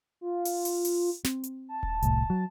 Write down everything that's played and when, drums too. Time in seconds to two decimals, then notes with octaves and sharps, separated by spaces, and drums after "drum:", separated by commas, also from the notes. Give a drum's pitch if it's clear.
0.21 F4
0.45 drum: open hi-hat
0.65 drum: open hi-hat
0.85 drum: open hi-hat
1.25 C4, drum: snare
1.44 drum: hi-hat
1.69 A5
1.83 drum: kick D#1
2.02 C2 A2, drum: hi-hat
2.30 F#3